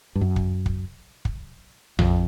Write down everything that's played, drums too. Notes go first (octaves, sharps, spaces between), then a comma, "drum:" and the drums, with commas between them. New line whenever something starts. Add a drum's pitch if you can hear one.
G2
F#2
drum: kick
drum: kick
drum: kick
F2, drum: tom A1